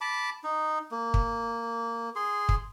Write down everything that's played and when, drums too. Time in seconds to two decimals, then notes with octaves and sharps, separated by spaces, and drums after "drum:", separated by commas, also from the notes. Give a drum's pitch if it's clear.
0.01 A5 B5 D6
0.44 D#4
0.91 A#3
1.14 drum: kick
2.16 G#4 C6
2.49 drum: kick